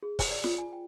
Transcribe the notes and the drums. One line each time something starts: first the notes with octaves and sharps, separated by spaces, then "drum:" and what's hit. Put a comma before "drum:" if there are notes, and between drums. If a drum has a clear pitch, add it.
G#4
C5, drum: kick, open hi-hat
D5
F4, drum: snare
G#5
G5